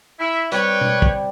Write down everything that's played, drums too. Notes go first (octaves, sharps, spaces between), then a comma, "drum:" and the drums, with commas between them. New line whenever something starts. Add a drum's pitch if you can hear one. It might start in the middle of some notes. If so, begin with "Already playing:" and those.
E4 E5
G3 C4 B4 C#5 G5, drum: hi-hat
drum: tom B2
drum: kick